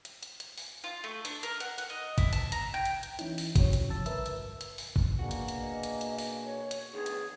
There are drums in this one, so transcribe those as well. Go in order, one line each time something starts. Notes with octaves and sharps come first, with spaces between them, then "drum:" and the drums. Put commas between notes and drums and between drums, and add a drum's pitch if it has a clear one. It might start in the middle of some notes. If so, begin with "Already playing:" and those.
drum: hi-hat
drum: hi-hat
drum: hi-hat
drum: open hi-hat
F4
A3
D4, drum: hi-hat
A#4, drum: hi-hat
F#5, drum: hi-hat
F#5, drum: hi-hat
D#5
E4, drum: kick, hi-hat
A5, drum: hi-hat
A#5, drum: hi-hat
G5
drum: hi-hat
drum: hi-hat
E3 C#4 D#4 E4, drum: hi-hat
drum: open hi-hat
F#4 C#5, drum: kick, hi-hat
drum: hi-hat
C2 C3 F3 A5 E6 A6
G2 D3 A#4 B4 E5 E6, drum: hi-hat
drum: hi-hat
drum: hi-hat
drum: open hi-hat
drum: kick
B2 A#3 D4 F#4 G#4
drum: hi-hat
drum: hi-hat
D#5
drum: hi-hat
drum: hi-hat
drum: open hi-hat
C#5
drum: hi-hat
D3 D#3 B3 G#4
drum: hi-hat